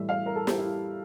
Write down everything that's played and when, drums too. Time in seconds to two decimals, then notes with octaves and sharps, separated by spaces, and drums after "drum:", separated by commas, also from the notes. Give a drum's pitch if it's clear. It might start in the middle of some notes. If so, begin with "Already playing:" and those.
Already playing: A2 E3 G3 E5
0.09 F5
0.26 A#4
0.35 A4
0.47 G4, drum: snare
0.58 E4